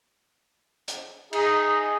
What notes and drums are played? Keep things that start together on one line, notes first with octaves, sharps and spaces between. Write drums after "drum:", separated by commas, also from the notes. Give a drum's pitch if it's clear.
drum: hi-hat
D#4 G#4, drum: cymbal